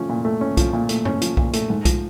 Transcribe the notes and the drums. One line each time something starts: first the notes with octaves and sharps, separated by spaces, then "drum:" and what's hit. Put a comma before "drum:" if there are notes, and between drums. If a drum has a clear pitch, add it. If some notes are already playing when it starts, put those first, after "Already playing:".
Already playing: F3 A3 C#4
A#2
A3
C#4
F3, drum: kick B1, hi-hat
A#2
A3, drum: hi-hat
C#4, drum: tom G2
F3, drum: hi-hat
A#2, drum: kick B1
A3, drum: hi-hat
G#2
F3, drum: kick B1, hi-hat